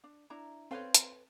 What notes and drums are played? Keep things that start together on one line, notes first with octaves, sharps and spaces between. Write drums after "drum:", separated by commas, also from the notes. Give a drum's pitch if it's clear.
D4
D4 E4 A#5
C4 A4 B4 C#5 F5 C6
drum: hi-hat